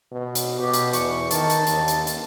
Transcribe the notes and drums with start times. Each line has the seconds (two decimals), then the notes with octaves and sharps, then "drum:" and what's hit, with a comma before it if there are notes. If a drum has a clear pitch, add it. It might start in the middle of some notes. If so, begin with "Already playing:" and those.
0.12 B2
0.35 drum: hi-hat
0.60 B2 G4
0.74 drum: hi-hat
0.93 E2 C#6, drum: hi-hat
1.31 D#3 A5, drum: hi-hat
1.50 drum: hi-hat
1.67 D#2, drum: hi-hat
1.88 drum: hi-hat
2.07 drum: hi-hat